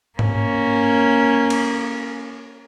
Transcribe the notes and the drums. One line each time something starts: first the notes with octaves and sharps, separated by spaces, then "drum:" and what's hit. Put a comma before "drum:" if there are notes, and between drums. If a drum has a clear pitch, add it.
A#3 C#4, drum: tom G#2
drum: cymbal